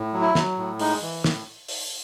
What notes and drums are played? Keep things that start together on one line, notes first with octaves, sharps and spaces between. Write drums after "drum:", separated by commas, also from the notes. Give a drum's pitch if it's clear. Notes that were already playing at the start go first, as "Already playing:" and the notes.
Already playing: A2
F#3
E4
F#3, drum: snare
A2
G#3 D#4, drum: open hi-hat
E3
A2, drum: snare
drum: open hi-hat